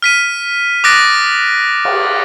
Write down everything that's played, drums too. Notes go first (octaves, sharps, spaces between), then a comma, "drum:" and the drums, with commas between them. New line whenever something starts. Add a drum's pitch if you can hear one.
F6 B6 D#7
D6 D#6 F#6 A6 A#6 D7
drum: cymbal